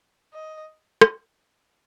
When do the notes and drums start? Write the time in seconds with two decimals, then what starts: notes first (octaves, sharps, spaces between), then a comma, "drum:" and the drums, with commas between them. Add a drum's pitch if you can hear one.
0.33 D#5
1.01 drum: rim click